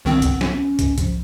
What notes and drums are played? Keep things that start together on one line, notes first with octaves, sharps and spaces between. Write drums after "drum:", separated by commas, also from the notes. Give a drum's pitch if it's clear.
C2 D#3 B3 C4
drum: kick, hi-hat
drum: snare
C#4
drum: kick, hi-hat
F3, drum: kick, hi-hat